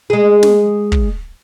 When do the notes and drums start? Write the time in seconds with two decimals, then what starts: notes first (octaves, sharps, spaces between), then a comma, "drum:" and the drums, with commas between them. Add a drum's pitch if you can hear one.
0.10 G#3 G#4
0.43 drum: snare
0.92 drum: kick